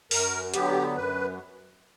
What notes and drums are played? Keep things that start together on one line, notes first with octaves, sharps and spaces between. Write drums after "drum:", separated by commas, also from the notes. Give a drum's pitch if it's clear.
F#2 A#4, drum: open hi-hat
D3 F#3 B3 G4, drum: hi-hat
F#2 B4